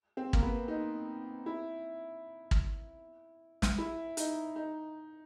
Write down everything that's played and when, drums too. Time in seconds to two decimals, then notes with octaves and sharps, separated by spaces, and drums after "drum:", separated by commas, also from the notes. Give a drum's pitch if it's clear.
0.17 C4
0.33 A#3, drum: kick
0.42 B3
0.68 D#4
1.46 E4
2.51 drum: kick
3.62 drum: snare
3.78 E4
4.17 D#4, drum: hi-hat
4.56 D#4